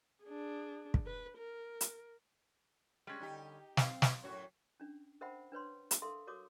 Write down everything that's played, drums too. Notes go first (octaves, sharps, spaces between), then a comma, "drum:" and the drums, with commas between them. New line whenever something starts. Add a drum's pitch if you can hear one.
D4 G#4
drum: kick
B4
A#4
drum: hi-hat
G3 G#3 C#4
D3 D#4 G4
C4 F5, drum: snare
drum: snare
F#2 A2 F#4 C#5
C#4 D4
A#4 C5 E5 F#5 G5 B5
D4 B4 C#5 C6
drum: hi-hat
A4 A#4 E5 F5 C6
F#4 A#4 C#5 D6 D#6